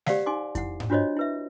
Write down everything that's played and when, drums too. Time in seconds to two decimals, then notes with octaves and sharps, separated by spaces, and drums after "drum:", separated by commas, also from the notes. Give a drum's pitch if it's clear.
0.06 G4 C5 D5 F5 F#5, drum: snare
0.26 D#4 G#5 C6 D6
0.55 E4 F#5, drum: kick F2, hi-hat
0.80 drum: tom G#2
0.90 D4 F4 F#4 C5 C#5 D#5
1.17 E4 B4 E5